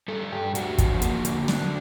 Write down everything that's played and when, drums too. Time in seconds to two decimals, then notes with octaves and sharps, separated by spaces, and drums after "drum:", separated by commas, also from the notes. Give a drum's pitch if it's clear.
0.08 G3 A4
0.32 G2 G4
0.55 D4 F#4, drum: hi-hat
0.78 F3, drum: kick, hi-hat
1.02 A#3, drum: hi-hat
1.25 D3, drum: hi-hat
1.48 D4, drum: snare